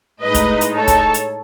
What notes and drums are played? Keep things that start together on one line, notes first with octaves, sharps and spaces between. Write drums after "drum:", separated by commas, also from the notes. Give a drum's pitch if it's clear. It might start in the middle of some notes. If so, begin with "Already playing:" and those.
A2 G#3 D#4 B4 D#5
drum: kick, hi-hat
drum: hi-hat
A4 C#5
drum: kick, hi-hat
drum: hi-hat